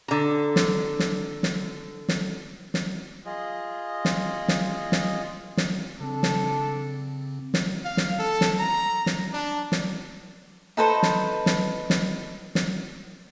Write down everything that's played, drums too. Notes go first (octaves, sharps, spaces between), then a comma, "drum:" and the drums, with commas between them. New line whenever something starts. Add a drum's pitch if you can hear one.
D3 A#5
drum: snare
drum: snare
drum: snare
drum: snare
drum: snare
F4 G#4 D#5
drum: snare
drum: snare
drum: snare
drum: snare
C#3 C4 D4 A4
drum: snare
drum: snare
F5
drum: snare
A4
drum: snare
A#5
drum: snare
D4
drum: snare
D#4 A4 B4 C5
drum: snare
drum: snare
drum: snare
drum: snare